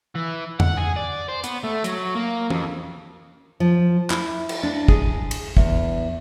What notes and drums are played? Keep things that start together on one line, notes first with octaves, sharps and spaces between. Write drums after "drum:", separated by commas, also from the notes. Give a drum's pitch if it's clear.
E3
F#5, drum: tom E2
G#4
D5
C5
B3, drum: hi-hat
A3
F#3, drum: hi-hat
A#3
F2, drum: tom E3
F3
E4, drum: clap
drum: cymbal
D4
G#4, drum: kick
drum: cymbal
E2, drum: kick